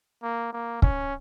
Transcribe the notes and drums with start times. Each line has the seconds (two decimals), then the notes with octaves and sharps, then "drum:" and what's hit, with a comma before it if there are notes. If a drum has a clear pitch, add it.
0.22 A#3
0.53 A#3
0.82 C#4, drum: kick